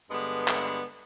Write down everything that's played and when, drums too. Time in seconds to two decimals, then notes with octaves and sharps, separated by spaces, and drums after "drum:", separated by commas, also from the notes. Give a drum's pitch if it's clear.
0.10 G2 D3 G#3 B3
0.48 drum: clap